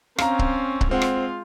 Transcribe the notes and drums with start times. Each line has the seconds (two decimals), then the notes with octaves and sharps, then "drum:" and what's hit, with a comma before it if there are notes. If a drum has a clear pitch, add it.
0.18 C4 C#4 F5 A#5, drum: rim click
0.39 drum: kick C#1
0.81 drum: kick C#1
0.91 G#3 C4 F4 F#5
1.02 drum: rim click